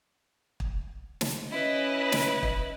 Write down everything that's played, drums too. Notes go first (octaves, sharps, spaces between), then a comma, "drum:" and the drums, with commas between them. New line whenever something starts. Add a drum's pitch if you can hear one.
drum: kick
drum: snare
C#4 E4 B4 D#5
drum: snare
drum: kick